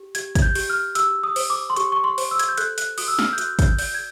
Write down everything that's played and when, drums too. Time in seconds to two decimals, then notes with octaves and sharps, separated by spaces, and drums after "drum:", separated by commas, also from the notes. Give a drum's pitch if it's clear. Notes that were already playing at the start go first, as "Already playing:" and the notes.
Already playing: G4
0.15 G4 G#6, drum: hi-hat
0.35 G#6, drum: kick, hi-hat
0.42 G6
0.55 G4, drum: open hi-hat
0.70 F6
0.95 G4 E6, drum: hi-hat
1.24 D#6
1.36 C5, drum: open hi-hat
1.50 D6
1.70 C6
1.76 G4 C#6, drum: hi-hat
1.92 C#6
2.04 C6
2.18 C5, drum: open hi-hat
2.31 E6
2.39 G#6, drum: hi-hat
2.49 G6
2.57 A4 F#6, drum: hi-hat
2.78 F#6, drum: hi-hat
2.98 F#4 D#6, drum: open hi-hat
3.08 E6
3.19 F6, drum: snare
3.33 G6
3.38 F#4 F#6, drum: hi-hat
3.59 G6, drum: kick, hi-hat
3.79 D5 G6, drum: open hi-hat
3.95 G#6